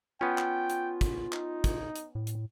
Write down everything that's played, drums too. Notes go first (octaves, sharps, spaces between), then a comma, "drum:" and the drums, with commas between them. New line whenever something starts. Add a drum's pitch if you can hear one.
B3 C#4 F4 G5
drum: clap
drum: hi-hat
drum: kick, hi-hat
D#4, drum: clap
drum: kick, hi-hat
drum: hi-hat
A2
drum: hi-hat